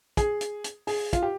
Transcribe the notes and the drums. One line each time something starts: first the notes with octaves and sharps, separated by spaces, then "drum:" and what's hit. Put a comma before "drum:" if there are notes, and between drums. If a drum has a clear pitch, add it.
G#4, drum: kick, hi-hat
drum: hi-hat
drum: hi-hat
G#4, drum: open hi-hat
F4, drum: kick, hi-hat
G4